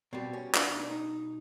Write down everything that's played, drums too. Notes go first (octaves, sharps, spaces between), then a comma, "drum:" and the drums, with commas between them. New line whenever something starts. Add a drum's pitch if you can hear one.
B2 G3 C4
C#4
D4, drum: clap
D#4
D4
D#4